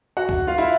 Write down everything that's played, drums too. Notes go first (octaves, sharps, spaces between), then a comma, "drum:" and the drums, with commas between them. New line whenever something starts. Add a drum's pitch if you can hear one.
F#4 F#5
drum: kick
F4 F5
E4 E5